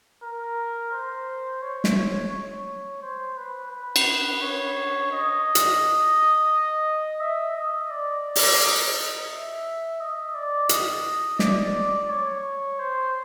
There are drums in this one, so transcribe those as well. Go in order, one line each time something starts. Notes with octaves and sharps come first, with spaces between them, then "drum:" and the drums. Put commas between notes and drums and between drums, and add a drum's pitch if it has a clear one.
A#4
C5
C#5
drum: snare
C#5
C5
B4
B4
drum: cymbal
C#5
D#5
drum: hi-hat
E5
D#5
D5
drum: open hi-hat
D#5
E5
D#5
D5
D#5, drum: hi-hat
D5, drum: snare
C#5
C5